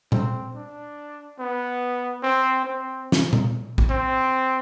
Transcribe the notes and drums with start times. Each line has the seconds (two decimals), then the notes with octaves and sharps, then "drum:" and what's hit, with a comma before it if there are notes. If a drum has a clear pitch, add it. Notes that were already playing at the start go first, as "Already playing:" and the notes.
0.12 C4, drum: tom A#2
0.55 D4
1.39 B3
2.23 C4
2.64 C4
3.12 drum: snare
3.33 drum: tom A#2
3.78 drum: kick A#1
3.90 C4